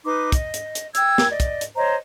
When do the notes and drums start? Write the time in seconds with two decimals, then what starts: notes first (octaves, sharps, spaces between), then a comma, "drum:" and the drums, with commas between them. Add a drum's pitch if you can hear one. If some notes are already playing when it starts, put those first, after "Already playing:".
0.05 D#4 B4 C6 D6
0.32 D#5, drum: kick, hi-hat
0.54 drum: hi-hat
0.75 drum: hi-hat
0.95 G5 E6 G#6, drum: hi-hat
1.18 drum: snare
1.30 D5 D#5
1.40 drum: kick, hi-hat
1.61 drum: hi-hat
1.76 C5 C#5 D#5 A#5